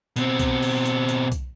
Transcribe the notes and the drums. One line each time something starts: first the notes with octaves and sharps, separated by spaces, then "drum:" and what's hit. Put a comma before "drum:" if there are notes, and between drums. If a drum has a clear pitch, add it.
B2 C4, drum: hi-hat
drum: kick B1, hi-hat
drum: open hi-hat
drum: hi-hat
drum: hi-hat
drum: kick B1, hi-hat